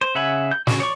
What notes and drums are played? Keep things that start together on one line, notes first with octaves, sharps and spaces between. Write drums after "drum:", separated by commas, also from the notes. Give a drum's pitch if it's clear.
C5
C#3 E5 F#5 G#5 B5
G6
C#3 F#4, drum: snare
C#5 D5 C#6